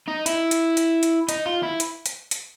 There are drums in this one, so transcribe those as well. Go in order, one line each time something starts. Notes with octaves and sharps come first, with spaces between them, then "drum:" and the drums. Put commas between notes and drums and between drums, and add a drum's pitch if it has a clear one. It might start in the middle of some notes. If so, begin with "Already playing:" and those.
D#4
E4, drum: hi-hat
drum: hi-hat
drum: hi-hat
drum: hi-hat
D#4, drum: hi-hat
F4
E4
drum: hi-hat
drum: hi-hat
drum: hi-hat